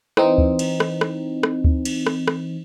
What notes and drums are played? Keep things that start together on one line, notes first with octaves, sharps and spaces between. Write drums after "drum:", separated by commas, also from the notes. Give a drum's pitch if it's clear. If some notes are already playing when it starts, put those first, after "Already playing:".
E3 C4 D#4, drum: rim click
drum: kick D2
drum: cymbal
drum: rim click
drum: rim click
drum: rim click
drum: kick D2
drum: cymbal
drum: rim click
drum: rim click